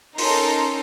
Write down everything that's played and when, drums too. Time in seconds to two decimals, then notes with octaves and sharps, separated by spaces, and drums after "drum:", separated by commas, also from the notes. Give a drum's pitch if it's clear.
0.18 C#4 D#4 A4 A#4 A#5 C6, drum: open hi-hat